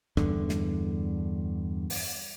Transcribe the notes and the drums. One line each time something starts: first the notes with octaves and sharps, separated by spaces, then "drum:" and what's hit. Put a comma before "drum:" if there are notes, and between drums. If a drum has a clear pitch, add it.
E2 G2 D3, drum: rim click
drum: snare
drum: open hi-hat